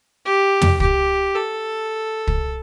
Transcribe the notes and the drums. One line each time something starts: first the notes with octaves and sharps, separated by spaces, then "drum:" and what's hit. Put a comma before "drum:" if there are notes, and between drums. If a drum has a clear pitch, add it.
G4
drum: tom
G4, drum: kick
A4
drum: kick